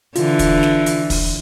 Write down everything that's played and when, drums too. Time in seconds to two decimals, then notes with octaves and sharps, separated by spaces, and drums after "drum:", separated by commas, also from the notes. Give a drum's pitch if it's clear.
0.16 D3 E3 F4, drum: hi-hat
0.39 drum: kick, hi-hat
0.63 drum: snare
0.86 drum: hi-hat
1.10 drum: kick, open hi-hat